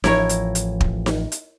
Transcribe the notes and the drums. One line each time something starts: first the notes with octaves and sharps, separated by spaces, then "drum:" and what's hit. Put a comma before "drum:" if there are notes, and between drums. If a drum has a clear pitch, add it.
A1 F3 E4 A#4 C#5, drum: snare D#4
drum: hi-hat
drum: hi-hat
drum: kick
drum: snare D#4
drum: hi-hat